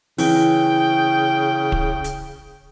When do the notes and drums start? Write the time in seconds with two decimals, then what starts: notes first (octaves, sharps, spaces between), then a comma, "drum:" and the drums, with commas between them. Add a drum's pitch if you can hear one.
0.18 C#3 E3 G5, drum: open hi-hat
1.72 drum: kick
2.04 drum: hi-hat